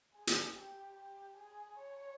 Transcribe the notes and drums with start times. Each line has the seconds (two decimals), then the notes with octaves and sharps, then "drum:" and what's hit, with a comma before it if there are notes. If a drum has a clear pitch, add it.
0.14 G#4
0.27 drum: hi-hat
0.55 G4
0.97 G4
1.37 G#4
1.79 C#5